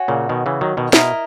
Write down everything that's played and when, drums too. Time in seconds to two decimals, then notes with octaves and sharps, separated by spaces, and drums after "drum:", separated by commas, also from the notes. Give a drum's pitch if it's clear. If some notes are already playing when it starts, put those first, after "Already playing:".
Already playing: F#4 C#5 G#5
0.08 A#2 C#3
0.29 B2 D#3
0.46 C#3 E3
0.61 D#3 F#3
0.77 B2 D#3
0.93 B2 E4 A#4 D#5, drum: snare